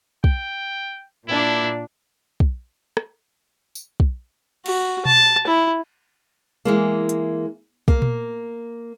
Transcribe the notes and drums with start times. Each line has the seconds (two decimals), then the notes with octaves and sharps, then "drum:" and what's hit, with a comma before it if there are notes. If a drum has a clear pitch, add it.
0.24 G5, drum: kick
1.28 A#2 D4 E4
2.40 drum: kick
2.97 drum: rim click
3.75 drum: tambourine
4.00 drum: kick
4.66 F#4, drum: cymbal
5.06 A5, drum: tom B2
5.47 E4
6.65 E3 G#3 A#3
7.09 drum: hi-hat
7.88 A#3, drum: kick
8.02 drum: tom A#2